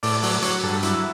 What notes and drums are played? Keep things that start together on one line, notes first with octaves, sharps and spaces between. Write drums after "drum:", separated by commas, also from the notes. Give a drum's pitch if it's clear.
A2 D5, drum: open hi-hat
F#3 D5, drum: open hi-hat
F#3 C#5, drum: hi-hat
G2 A4
F#3 E4, drum: hi-hat